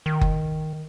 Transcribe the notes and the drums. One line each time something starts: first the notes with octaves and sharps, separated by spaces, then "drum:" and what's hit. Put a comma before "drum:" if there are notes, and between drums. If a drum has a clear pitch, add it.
D#3
drum: kick F#1